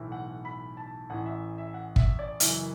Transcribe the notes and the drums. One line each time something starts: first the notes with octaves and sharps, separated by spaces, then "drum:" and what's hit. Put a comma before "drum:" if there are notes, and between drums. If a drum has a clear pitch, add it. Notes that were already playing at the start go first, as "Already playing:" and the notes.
Already playing: B1 A2 E3
F#5
B5
A5
A1 A2 E3 F#5
E5
E5
F#5
E5, drum: kick
D5
F#1 F#2 E3 E5, drum: hi-hat